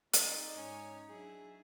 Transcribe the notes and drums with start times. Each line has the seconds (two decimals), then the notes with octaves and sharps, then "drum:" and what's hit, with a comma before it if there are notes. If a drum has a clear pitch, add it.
0.13 C4 D#4 G#4 D5 D#5, drum: hi-hat
0.57 G#2 C#4 C#5
1.09 F#3 D4 E4 G#4